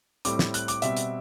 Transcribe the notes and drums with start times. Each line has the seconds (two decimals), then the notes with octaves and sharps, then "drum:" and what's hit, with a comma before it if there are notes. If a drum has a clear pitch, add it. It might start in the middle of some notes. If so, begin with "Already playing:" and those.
0.25 A2 G3 C4 D6, drum: hi-hat
0.39 drum: snare
0.54 F#6, drum: hi-hat
0.68 D6, drum: hi-hat
0.82 B2 G3 C4 E5, drum: hi-hat
0.97 drum: hi-hat